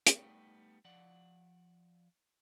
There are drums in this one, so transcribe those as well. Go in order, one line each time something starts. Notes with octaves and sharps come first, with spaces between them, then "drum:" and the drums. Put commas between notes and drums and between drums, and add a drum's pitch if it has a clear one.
G3 A3 B3 D#4 G5, drum: hi-hat
F3 D5 F#5